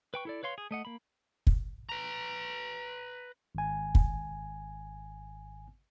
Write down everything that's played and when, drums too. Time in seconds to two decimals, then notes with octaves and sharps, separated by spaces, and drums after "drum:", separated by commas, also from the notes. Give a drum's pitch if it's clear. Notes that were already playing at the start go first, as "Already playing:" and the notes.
0.14 B4 G5 C#6
0.25 E4 A4 D5
0.43 B4 C#5 F5 C6
0.58 G#4
0.71 A3 D#5 F#5
0.85 A#3 B5
1.47 drum: kick
1.89 B4 A#5
3.55 G#1 G#5
3.95 drum: kick